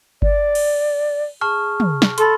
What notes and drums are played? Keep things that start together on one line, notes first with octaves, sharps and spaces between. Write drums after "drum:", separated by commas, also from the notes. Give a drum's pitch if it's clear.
D5, drum: kick G1
drum: cymbal
G#4 A5 C#6 F6
drum: tom
drum: snare
A4 B5 C6, drum: hi-hat